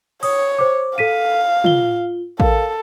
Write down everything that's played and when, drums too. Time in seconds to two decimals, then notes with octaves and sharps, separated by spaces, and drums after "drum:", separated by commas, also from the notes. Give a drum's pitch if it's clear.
0.23 C#5 D#6, drum: cymbal
0.59 C5 D6
0.98 A4 F5 B6 D#7
1.64 F4 G7, drum: tom
2.40 A4 A#4 F5, drum: kick A1